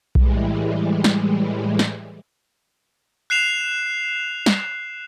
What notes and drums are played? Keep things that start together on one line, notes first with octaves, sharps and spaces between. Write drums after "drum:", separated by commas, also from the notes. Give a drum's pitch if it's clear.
A2 E3 G3 G#3, drum: kick B1
drum: snare
drum: snare
F#6 C7 E7 F7
drum: snare